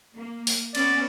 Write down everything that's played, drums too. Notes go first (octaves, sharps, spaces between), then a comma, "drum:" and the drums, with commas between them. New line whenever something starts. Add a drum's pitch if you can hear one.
A#3
drum: open hi-hat
B3 C#4 D5, drum: cymbal